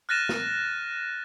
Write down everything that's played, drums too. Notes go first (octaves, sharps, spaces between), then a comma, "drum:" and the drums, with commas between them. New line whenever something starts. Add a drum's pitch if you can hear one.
F6 F#6 A6 A#6 D#7 E7
drum: snare A#4